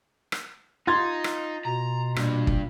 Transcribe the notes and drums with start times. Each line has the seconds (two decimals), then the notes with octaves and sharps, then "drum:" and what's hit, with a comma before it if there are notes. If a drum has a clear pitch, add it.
0.32 drum: rim click
0.87 D#4 F4 C6 G#6 A6
1.24 drum: rim click
1.65 B2 A#5
2.16 G2 A#2, drum: rim click
2.47 drum: kick